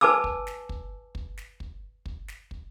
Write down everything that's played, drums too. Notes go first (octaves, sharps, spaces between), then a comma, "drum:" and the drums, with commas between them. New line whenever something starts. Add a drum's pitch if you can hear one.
B4 G#5 A5 D6 E6
drum: kick
drum: snare
drum: kick
drum: kick
drum: snare
drum: kick
drum: kick
drum: snare
drum: kick